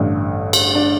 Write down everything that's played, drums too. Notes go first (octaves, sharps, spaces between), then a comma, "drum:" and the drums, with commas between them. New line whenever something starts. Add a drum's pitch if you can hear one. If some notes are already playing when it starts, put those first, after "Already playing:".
Already playing: A1 G2 D3
drum: cymbal
D4